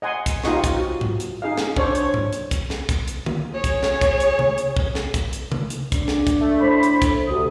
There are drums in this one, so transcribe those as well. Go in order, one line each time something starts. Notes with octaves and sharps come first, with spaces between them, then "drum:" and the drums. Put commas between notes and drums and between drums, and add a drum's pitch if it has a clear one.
D#5 F#5 G#5 C6
drum: kick, hi-hat
D#4 F4 G4 D#5 F#5 C#6, drum: snare
drum: kick, hi-hat
F#4
drum: tom G#2
drum: hi-hat
D#4 G#4 D#5 F5
drum: snare
D4 C5 C#5, drum: kick
C#5, drum: hi-hat
drum: tom G#2
drum: hi-hat
drum: kick, hi-hat
drum: snare
drum: kick, hi-hat
drum: hi-hat
drum: tom
G#4 C#5
drum: kick, hi-hat
drum: snare
drum: kick, hi-hat
drum: hi-hat
drum: tom C3
drum: hi-hat
drum: kick
drum: snare
drum: kick, hi-hat
drum: hi-hat
drum: tom C3
drum: hi-hat
D4, drum: kick, hi-hat
drum: snare
drum: kick, hi-hat
A3
A2 C5 B5
drum: hi-hat
drum: kick, hi-hat
D2 C3 D#6